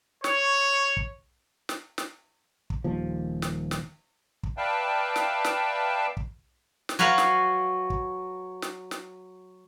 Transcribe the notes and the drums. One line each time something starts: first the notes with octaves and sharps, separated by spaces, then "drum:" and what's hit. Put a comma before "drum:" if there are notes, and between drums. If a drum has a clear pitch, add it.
C#5, drum: snare
drum: kick
drum: snare
drum: snare
drum: kick
D#1 D#2 F3
drum: snare
drum: snare
drum: kick
B4 D5 E5 F5 G5 A5
drum: snare
drum: snare
drum: kick
drum: snare
F#3 F#4 B4 F5
drum: snare
drum: kick
drum: snare
drum: snare